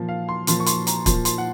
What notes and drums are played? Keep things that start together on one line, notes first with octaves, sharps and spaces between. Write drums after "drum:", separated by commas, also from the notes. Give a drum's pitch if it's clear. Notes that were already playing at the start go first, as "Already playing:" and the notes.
Already playing: A#2 F3
F5
C6
A#2 F3 C6, drum: hi-hat
C#6
C6, drum: hi-hat
A#5, drum: hi-hat
A#2 F3 C6, drum: kick, hi-hat
C6, drum: hi-hat
F#5